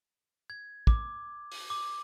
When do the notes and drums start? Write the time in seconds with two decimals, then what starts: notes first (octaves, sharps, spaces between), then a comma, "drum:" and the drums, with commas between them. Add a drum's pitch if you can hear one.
0.50 G#6
0.87 D6, drum: kick
1.52 drum: open hi-hat
1.70 D6